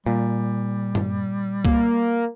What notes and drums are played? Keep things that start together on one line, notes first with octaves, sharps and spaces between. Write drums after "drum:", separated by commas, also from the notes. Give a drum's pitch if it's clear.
A#2 G3
drum: tom G2
A#3, drum: kick C2